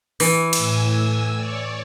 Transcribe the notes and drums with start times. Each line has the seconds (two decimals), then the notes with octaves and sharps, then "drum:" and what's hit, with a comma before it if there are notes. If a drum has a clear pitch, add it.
0.20 E3, drum: open hi-hat
0.53 A2 G#5 E6, drum: cymbal
1.36 C#5 D5